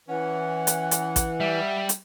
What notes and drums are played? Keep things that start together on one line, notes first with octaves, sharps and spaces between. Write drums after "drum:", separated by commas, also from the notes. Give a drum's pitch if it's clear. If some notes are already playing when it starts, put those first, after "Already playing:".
E3 C#4 F#5
drum: hi-hat
drum: hi-hat
drum: kick A1, hi-hat
G3 E5
drum: hi-hat